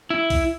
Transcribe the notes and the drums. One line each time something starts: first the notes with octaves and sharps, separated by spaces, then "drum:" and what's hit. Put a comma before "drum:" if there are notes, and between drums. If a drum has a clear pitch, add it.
E4
drum: kick, open hi-hat